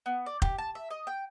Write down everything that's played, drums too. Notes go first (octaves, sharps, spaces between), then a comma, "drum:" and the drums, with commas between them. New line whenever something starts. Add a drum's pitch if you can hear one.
B3
D5
G4, drum: kick F1
A5
E5
D#5
G5